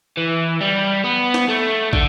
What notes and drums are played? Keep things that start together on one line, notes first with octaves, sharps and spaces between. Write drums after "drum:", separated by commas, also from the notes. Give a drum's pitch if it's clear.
E3
G3
B3
drum: snare
A3
D3, drum: kick